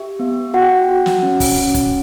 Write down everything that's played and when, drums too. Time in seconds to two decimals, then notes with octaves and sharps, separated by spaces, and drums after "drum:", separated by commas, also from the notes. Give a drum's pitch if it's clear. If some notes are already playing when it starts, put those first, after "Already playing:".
Already playing: G4 E5
0.19 B3
0.54 F#4 F#5
0.62 G5
0.71 F#5
0.89 F#4
1.06 drum: snare
1.23 C#4
1.40 drum: kick, open hi-hat
1.57 C#4
1.74 drum: kick, hi-hat